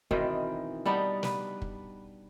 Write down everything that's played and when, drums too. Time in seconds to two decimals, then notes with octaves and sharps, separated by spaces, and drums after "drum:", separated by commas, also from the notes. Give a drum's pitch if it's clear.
0.11 B2 D#3 E3 C4, drum: kick
0.85 G3 B3 D4 D#4
1.23 B4, drum: snare
1.62 drum: kick